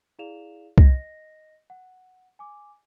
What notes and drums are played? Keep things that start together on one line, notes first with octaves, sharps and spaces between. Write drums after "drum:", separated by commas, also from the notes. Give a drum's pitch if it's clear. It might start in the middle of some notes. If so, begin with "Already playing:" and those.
E4 G#4 D5 F5 E7 F7
D#5 A#6, drum: kick
F#5
G#5 D6